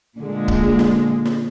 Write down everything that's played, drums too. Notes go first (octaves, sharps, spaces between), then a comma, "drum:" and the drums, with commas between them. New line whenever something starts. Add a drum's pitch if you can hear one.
A#2 D3 G#3
drum: kick C#1
drum: snare
drum: snare